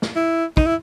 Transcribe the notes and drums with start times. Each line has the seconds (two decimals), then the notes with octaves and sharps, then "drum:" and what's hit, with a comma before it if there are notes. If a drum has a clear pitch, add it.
0.02 drum: snare
0.16 E4
0.57 D#4, drum: kick
0.67 E4